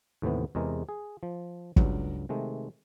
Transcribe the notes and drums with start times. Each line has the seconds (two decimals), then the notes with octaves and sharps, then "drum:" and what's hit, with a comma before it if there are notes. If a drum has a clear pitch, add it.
0.22 D#2 A2 C3 E3 B3
0.55 E2 C3 G#3 A#4
0.89 G#4
1.23 F3
1.76 C#2 G2 F#3, drum: kick
2.29 C3 D#3 G#3 A3